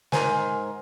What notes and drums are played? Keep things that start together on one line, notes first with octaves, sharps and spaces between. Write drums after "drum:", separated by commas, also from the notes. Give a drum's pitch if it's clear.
G#2 A#4 C5 G#5, drum: snare